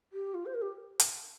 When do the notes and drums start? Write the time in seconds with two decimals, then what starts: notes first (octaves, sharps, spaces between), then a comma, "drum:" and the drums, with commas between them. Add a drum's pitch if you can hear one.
0.13 G4
0.34 F4
0.46 C5
0.54 A#4
0.62 G4
1.00 drum: hi-hat